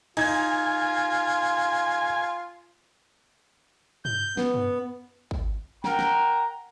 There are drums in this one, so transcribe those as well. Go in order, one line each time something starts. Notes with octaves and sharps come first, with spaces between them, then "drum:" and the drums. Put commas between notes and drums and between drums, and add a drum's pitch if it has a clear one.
D#4 F4 G#5 G#6, drum: cymbal
G6, drum: tom
B3, drum: snare
drum: tom
drum: kick
A#4 F#5 G5 A#5, drum: snare
drum: snare